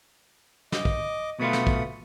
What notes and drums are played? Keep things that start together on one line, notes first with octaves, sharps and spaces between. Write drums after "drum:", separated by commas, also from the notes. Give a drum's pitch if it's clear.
D#5 D6, drum: snare
drum: kick
B2 A3 B3 F4 B5 D#6
drum: snare
drum: kick